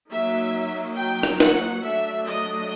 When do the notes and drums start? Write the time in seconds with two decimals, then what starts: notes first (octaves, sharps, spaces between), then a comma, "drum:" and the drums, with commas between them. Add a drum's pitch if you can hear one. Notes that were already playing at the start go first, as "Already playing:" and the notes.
0.10 F#3 A#3 D#4 E5
0.97 G5
1.23 drum: rim click
1.40 F#5, drum: snare
1.84 F#3 A3 D4 E5
2.27 D#5